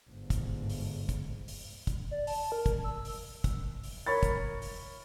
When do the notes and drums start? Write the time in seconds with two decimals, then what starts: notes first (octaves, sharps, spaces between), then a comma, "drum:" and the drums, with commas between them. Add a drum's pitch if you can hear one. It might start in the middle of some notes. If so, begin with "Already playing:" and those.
0.11 G1 G#2
0.30 drum: kick, hi-hat
0.70 drum: open hi-hat
1.09 drum: kick, hi-hat
1.48 drum: open hi-hat
1.87 drum: kick, hi-hat
2.11 D5
2.27 A5, drum: open hi-hat
2.52 A#4
2.66 drum: kick, hi-hat
2.84 E6
3.05 drum: open hi-hat
3.44 drum: kick, hi-hat
3.83 drum: open hi-hat
4.07 A#4 C#5 B5 A6
4.23 drum: kick, hi-hat
4.62 drum: open hi-hat